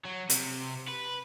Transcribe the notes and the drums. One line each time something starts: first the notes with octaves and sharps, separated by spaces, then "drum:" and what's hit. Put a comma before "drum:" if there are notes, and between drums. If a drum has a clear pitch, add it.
F#3
C3, drum: hi-hat
B4